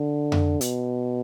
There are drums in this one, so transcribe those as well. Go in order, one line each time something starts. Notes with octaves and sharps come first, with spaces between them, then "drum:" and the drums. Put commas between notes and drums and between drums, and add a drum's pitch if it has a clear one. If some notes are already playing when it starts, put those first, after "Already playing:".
Already playing: D3
drum: tom F2
B2, drum: hi-hat